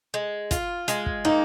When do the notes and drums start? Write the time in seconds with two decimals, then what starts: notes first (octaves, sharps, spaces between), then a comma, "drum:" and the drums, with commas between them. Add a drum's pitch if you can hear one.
0.14 G#3
0.51 F4, drum: kick, hi-hat
0.88 G#3, drum: hi-hat
1.06 drum: kick
1.25 A#3 D#4